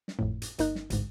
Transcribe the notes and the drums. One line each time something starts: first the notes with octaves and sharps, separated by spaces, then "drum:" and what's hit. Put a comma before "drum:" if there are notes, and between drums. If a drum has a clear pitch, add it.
drum: snare
G#1 F2 A2
drum: hi-hat
G1 A#3 D#4 F#6, drum: hi-hat
drum: snare
A1 D2 G#2, drum: hi-hat